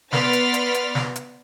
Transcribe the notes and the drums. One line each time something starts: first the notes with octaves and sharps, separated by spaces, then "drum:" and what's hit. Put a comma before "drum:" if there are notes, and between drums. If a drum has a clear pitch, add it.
B3 D5 C6 F6 A6 B6, drum: snare
drum: hi-hat
drum: hi-hat
drum: hi-hat
drum: snare
drum: hi-hat